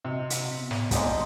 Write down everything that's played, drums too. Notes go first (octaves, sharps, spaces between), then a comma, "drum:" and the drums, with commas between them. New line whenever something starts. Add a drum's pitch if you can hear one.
C3 F#4 D#5
drum: hi-hat
B3
drum: snare
G#1 A#2 D3 G#3 G4 D#5 D#6, drum: kick, hi-hat